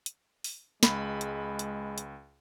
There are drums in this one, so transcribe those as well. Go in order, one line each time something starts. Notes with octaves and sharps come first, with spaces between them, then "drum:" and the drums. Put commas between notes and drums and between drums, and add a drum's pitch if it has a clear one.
drum: hi-hat
drum: open hi-hat
C#2 G#3 B5, drum: snare
drum: hi-hat
drum: hi-hat
drum: hi-hat